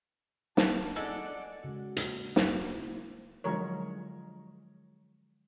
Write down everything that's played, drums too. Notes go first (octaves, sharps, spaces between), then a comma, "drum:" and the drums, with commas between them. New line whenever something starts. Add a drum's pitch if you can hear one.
A5, drum: snare
G#3 A4 D5 F#5
C#3 G#3 F#4
A#3, drum: hi-hat
C#2 F#2, drum: snare
A#3 E4 C5
D3 F3 F#3 G#3 A#4 C#5